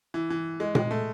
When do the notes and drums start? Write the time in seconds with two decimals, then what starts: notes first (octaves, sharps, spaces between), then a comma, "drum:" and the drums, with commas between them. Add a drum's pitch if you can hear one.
0.14 E3
0.30 E3
0.60 G#3
0.75 G#3, drum: tom A#2
0.91 A3